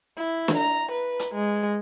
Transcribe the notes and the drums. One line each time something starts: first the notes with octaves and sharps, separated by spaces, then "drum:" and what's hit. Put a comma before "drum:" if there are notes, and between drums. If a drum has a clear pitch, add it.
E4
drum: snare
A#5
B4
drum: hi-hat
G#3